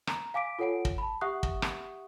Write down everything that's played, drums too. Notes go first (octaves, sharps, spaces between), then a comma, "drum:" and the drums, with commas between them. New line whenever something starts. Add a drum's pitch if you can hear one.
A#5, drum: rim click
F5 G#5 D6 B6 D7
F4 A4 C#5 F#5 G#5 D7
drum: kick
A5 B5
G4 E5 F#5 C#6 D#6 F#6
drum: kick
drum: rim click